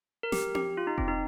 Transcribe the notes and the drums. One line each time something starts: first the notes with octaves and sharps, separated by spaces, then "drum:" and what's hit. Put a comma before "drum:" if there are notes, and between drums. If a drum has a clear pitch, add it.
A#4
G4, drum: snare
G4, drum: tom C4
F4
D#4
C4, drum: kick F1
D#4